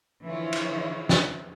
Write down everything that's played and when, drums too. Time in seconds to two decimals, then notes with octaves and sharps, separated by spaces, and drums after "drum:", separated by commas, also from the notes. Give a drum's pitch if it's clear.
0.24 D3 E3 F3 E4 F4 C#5
0.53 drum: cymbal
1.09 drum: snare